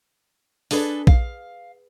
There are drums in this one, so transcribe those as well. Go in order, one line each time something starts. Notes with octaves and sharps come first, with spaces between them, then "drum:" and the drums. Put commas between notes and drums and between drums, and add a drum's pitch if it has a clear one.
D4 G#4 A4 B4, drum: open hi-hat
F5, drum: kick A#1